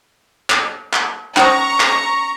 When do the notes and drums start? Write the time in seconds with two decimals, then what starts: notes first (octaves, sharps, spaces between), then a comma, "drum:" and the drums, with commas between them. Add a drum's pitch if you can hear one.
0.50 drum: clap
0.93 drum: clap
1.37 C#4 C5 A#5 C#6 D#6, drum: clap
1.80 drum: clap